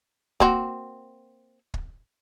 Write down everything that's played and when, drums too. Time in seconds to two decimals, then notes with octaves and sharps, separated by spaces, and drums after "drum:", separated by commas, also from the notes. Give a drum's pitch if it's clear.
0.40 A#3 C4 F#4, drum: kick
1.74 drum: kick